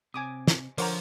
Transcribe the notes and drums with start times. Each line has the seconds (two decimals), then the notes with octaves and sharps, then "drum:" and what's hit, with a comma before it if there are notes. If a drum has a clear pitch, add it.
0.14 C3 G#5 D6 D#6
0.47 drum: snare
0.78 D3 F3 A#4 C5 C#5 F#5 A#5 D6, drum: open hi-hat